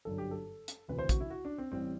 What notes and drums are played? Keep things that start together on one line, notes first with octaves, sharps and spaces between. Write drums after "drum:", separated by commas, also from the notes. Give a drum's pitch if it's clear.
G1 F#2 D3 F#3 A4
G4
A4
drum: hi-hat
E1 D2 C3 E3 B4
C5
F#4, drum: kick, hi-hat
E4
F#4
D4
C4
A1 A2 G3 C4